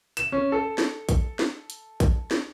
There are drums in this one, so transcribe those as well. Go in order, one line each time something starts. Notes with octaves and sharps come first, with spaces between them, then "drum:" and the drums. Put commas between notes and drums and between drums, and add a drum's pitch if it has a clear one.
E7, drum: hi-hat
C#4
A4
drum: snare
drum: kick, hi-hat
drum: snare
drum: hi-hat
drum: kick, hi-hat
drum: snare